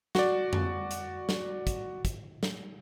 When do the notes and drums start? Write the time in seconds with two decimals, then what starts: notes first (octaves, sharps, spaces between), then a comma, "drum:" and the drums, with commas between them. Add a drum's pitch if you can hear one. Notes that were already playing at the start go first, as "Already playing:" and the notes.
0.15 F#4 D5, drum: snare
0.53 drum: tom F2
0.91 drum: hi-hat
1.29 drum: snare
1.67 drum: kick, hi-hat
2.05 drum: kick, hi-hat
2.43 drum: snare